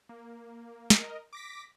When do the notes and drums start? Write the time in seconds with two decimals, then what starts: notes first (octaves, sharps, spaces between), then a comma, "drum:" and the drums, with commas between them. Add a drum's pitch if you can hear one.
0.09 A#3
0.90 A#4 D#5, drum: snare
1.33 D6 A#6 B6